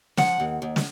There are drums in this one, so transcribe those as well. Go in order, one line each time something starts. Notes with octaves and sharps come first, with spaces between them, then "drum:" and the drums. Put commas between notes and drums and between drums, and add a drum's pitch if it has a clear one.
F3 F#5, drum: snare
D#2
D#2
drum: snare